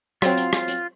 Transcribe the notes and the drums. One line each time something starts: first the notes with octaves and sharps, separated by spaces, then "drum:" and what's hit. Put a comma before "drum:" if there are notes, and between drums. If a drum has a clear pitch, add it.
F#3 C4 F4, drum: rim click
drum: hi-hat
drum: rim click
drum: hi-hat